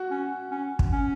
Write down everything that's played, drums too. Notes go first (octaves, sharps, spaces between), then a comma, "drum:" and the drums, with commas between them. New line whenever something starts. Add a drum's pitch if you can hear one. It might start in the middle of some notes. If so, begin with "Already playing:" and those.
Already playing: F#4
C#4
C#4
drum: kick
C#4